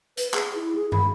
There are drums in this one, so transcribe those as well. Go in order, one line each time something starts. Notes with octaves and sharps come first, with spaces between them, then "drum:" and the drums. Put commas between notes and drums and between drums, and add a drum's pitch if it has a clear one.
B4, drum: hi-hat
G#4, drum: clap
E4
G#4
B5, drum: tom